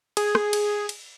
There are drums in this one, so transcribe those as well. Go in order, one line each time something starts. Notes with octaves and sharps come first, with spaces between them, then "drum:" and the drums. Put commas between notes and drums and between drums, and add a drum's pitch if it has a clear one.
G#4, drum: cymbal
drum: rim click
drum: cymbal
drum: cymbal